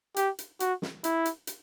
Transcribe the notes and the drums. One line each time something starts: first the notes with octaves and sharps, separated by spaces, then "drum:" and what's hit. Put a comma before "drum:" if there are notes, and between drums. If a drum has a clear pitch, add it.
G4, drum: hi-hat
drum: hi-hat
F#4, drum: hi-hat
drum: snare
E4, drum: hi-hat
drum: hi-hat
drum: hi-hat